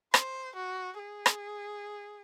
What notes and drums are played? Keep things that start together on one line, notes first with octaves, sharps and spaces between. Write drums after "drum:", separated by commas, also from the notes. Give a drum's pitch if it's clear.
C5, drum: rim click
F#4
G#4
drum: rim click